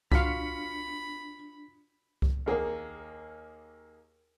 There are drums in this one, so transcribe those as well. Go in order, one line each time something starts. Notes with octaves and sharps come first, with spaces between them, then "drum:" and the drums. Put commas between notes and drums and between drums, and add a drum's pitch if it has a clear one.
D4 F4 F#4 F5 B5 B6 C#7, drum: kick C2
drum: kick C2
D#2 A#3 G#4 A#4